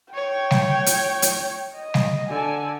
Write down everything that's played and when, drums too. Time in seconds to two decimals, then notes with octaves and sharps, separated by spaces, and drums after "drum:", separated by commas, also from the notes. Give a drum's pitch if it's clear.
0.14 C#5 G5
0.51 drum: snare G3
0.86 drum: hi-hat
1.22 drum: hi-hat
1.75 D#5
1.94 drum: snare G3
2.30 D3 G#5 A5